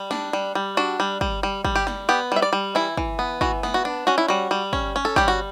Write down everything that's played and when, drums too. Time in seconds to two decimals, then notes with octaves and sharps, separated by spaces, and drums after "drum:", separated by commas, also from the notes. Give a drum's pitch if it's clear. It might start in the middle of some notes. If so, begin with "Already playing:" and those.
Already playing: G3
0.11 D4, drum: snare
0.33 G3
0.55 G3
0.77 D4 F#4
1.00 G3
1.21 G3, drum: kick
1.43 G3
1.64 G3, drum: kick
1.75 G4
1.87 G3, drum: snare
2.09 B3 G4
2.32 G3 E5
2.42 D5
2.53 G3
2.75 E3 E4
2.97 E3, drum: kick
3.19 B3
3.41 E3 F#4, drum: kick
3.63 B3, drum: snare
3.74 F#4
3.85 D4
4.07 C#4 F#4
4.18 E4
4.28 G3 F#4
4.51 G3
4.73 C#4, drum: kick
4.96 C#4
5.05 A4
5.16 G3 G4, drum: kick
5.28 F#4